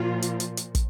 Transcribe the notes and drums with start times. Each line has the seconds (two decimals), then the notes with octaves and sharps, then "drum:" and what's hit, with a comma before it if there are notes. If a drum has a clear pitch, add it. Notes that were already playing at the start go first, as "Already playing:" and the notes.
Already playing: A#2 F3 F4
0.22 drum: hi-hat
0.40 drum: hi-hat
0.57 drum: hi-hat
0.75 drum: kick, hi-hat